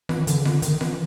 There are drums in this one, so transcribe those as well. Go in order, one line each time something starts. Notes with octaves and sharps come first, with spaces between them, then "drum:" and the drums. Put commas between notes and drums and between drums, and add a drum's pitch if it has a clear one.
E3, drum: snare F4
D#3
D3, drum: hi-hat
C#3
D3, drum: snare F4
D#3, drum: hi-hat
E3, drum: snare F4